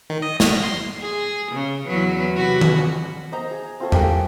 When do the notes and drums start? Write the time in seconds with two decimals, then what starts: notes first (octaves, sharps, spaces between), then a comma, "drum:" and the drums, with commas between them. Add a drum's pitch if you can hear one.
0.10 D#3
0.22 D#5
0.40 A#6, drum: snare
0.63 C6
1.02 G#4
1.52 C#3
1.87 E2 F#3 B4
2.35 C3 F#4 B4
2.61 drum: tom D#3
3.32 C5 D#5 A#5
3.51 G#4
3.80 C4 F4 A4 C#6
3.92 G4 A#4 G5 G#5, drum: tom E2